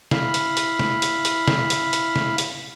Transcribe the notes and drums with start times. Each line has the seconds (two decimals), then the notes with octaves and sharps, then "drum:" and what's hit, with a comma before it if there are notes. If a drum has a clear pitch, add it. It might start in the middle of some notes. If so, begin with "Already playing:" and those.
0.11 E4 F5 B5, drum: snare
0.34 drum: hi-hat
0.57 drum: hi-hat
0.79 drum: snare
1.02 drum: hi-hat
1.25 drum: hi-hat
1.48 drum: snare
1.70 drum: hi-hat
1.93 drum: hi-hat
2.16 drum: snare
2.38 drum: hi-hat